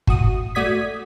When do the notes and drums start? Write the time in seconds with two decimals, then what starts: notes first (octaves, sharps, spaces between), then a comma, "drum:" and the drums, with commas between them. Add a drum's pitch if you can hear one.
0.07 A2 F#4 D#6, drum: kick
0.55 A3 F#4 D5 D#6 G#6 B6